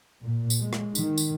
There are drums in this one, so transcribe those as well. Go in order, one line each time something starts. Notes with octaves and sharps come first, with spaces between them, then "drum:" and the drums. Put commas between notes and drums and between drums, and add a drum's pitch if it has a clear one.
A#2
drum: tambourine
G#3
drum: rim click
D#3, drum: tambourine
drum: tambourine